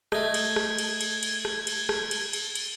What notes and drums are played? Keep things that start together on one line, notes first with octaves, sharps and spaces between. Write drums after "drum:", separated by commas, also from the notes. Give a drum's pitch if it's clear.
A3 D#5 G#6, drum: rim click
drum: cymbal
drum: rim click
drum: cymbal
drum: cymbal
drum: cymbal
drum: rim click
drum: cymbal
drum: rim click
drum: cymbal
drum: cymbal
drum: cymbal